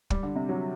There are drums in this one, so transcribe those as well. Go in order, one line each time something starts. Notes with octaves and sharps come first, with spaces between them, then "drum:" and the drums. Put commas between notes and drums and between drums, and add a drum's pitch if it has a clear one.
G3, drum: kick
D3
C3
F#3